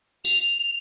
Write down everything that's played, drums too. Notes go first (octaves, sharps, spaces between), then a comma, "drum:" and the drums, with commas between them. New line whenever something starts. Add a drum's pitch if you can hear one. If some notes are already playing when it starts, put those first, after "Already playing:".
F7, drum: tambourine